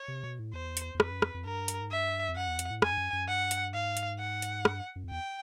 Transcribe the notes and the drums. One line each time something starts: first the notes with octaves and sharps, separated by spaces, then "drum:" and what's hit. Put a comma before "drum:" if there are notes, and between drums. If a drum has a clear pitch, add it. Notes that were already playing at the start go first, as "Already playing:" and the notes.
Already playing: C#5
C3
B2
A2
E2 C5
drum: hi-hat
E2
F2 B4, drum: rim click
F#2
F2, drum: rim click
F2
G2 A#4
drum: hi-hat
G#2
G2 E5
F2
F#2 F#5
E2
F2, drum: hi-hat
A2
F2 G#5, drum: rim click
G2
F#2
F#2
G2 F#5
drum: hi-hat
G#2 F5
drum: hi-hat
F#5
drum: hi-hat
G2, drum: rim click
F#2
F2
E2 G5